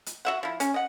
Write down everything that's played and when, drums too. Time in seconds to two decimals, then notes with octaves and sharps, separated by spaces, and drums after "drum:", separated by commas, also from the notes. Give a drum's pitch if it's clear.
0.06 drum: hi-hat
0.25 F#4 E5 F#5
0.43 F3 E4
0.60 C#4, drum: hi-hat
0.74 D#5 F#5